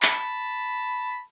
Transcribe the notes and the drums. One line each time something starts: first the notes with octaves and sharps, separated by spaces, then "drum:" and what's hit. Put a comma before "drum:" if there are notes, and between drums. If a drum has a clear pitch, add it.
A5 B5, drum: clap